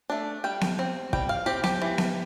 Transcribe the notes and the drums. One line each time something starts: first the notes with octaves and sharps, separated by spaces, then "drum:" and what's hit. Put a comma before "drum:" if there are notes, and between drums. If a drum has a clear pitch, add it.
A3 D4
G3 G5
drum: snare B3
C4
G3 G5, drum: kick
F5
C4 G4
G4, drum: snare B3
E3
drum: snare B3